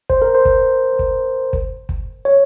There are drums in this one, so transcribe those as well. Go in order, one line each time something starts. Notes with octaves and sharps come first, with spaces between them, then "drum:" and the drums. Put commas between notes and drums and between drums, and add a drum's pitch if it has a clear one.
C5, drum: kick
A#4
C5
drum: kick
drum: kick
drum: kick
drum: kick
C#5